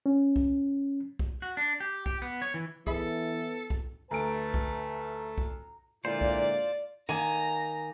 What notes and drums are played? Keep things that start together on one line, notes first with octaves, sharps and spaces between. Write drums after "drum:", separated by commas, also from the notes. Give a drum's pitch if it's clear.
C#4
drum: kick
drum: kick
F#4
D4
G4
G4, drum: kick
B3
C#5
E3
E3 B3 G#4 A4 E5 B5, drum: kick
drum: kick
D2 A3 B4 A5 A#5 D7
drum: kick
drum: kick
A#2 D3 G#3 E4 F4 C5 D5
drum: kick
D#3 A#3 G#5 A#5